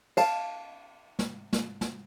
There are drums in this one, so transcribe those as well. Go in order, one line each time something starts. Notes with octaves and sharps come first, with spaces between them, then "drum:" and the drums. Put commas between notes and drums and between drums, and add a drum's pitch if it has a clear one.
F5 A5, drum: cymbal
drum: snare
drum: snare
drum: snare